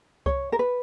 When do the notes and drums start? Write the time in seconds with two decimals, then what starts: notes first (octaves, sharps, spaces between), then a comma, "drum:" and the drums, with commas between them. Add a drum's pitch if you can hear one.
0.26 C#5, drum: kick C2
0.52 A#4
0.59 B4